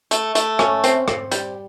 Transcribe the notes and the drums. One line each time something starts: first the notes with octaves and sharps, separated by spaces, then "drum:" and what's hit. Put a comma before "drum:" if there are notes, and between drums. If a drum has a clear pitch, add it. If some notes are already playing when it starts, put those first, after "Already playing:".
A3, drum: hi-hat
A3, drum: hi-hat
C#4, drum: rim click
C4, drum: hi-hat
C4, drum: rim click
G3, drum: hi-hat